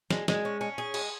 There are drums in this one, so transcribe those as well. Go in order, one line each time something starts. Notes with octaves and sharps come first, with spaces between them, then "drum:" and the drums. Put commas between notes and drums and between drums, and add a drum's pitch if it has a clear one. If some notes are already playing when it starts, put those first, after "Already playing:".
G#3, drum: snare
G#3, drum: snare
C#4
C#4
G#4
G#3, drum: cymbal